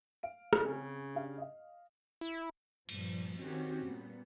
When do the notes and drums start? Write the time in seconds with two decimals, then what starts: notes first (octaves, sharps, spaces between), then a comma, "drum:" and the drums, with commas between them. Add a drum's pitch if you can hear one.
0.23 F5 D7
0.53 drum: rim click
0.64 C#3 C4 C#4 G#5
1.15 D4 G4 F5
1.38 D#5 F5
2.21 E4
2.89 G2 A#2 F3, drum: cymbal
3.39 D#3 C4 C#4 F#4 G4
3.85 A#2 G3 B3